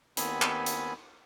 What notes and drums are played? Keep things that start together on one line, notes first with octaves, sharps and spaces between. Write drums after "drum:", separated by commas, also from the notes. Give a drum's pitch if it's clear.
D#2 D#3 B3 C4 G#5 B5, drum: hi-hat
drum: clap
drum: hi-hat